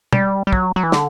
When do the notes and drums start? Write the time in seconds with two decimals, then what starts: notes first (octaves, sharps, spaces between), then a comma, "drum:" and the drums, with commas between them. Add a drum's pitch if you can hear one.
0.13 G3, drum: tom
0.47 G3
0.53 F#3, drum: kick
0.76 F#3
0.83 E3
0.92 D3, drum: snare